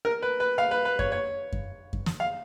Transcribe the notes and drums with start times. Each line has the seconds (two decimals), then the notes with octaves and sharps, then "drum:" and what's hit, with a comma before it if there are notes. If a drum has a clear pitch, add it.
0.05 A#4
0.22 B4
0.40 B4
0.58 F5
0.71 B4
0.85 B4
0.99 C#5, drum: kick F#2
1.12 C#5
1.53 drum: kick F#2
1.93 drum: kick F#2
2.06 drum: snare
2.20 F5